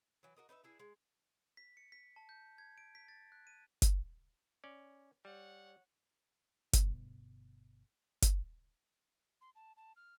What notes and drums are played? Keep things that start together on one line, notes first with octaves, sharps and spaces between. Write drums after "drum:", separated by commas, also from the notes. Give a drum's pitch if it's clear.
E3 F#3
F#4 A#4 D#5
D#4 B4 D#5 E5
D4 E4 G#4
G#3
B6
C#7
B6
A5
G6
G#6
D7
B6
A6
F#6
D#7
drum: kick F#1, hi-hat
C#4 D5
G3 C#5 F#5
G1 B2, drum: kick F#1, hi-hat
drum: kick F#1, hi-hat
C6
A5
A5
F6